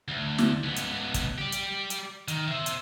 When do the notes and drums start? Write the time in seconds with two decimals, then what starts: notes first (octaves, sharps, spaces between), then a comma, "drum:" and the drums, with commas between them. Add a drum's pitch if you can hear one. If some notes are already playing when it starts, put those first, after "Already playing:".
0.08 D2
0.38 drum: snare
0.64 C#2 B3
0.76 drum: hi-hat
1.14 drum: kick, hi-hat
1.38 G4 D5
1.52 drum: hi-hat
1.90 drum: hi-hat
2.28 D#3, drum: hi-hat
2.48 C5 E5
2.66 drum: hi-hat